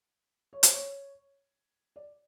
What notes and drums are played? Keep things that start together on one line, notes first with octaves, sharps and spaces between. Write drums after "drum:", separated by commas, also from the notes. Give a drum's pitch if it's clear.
C#5
C5, drum: hi-hat
C#5
D5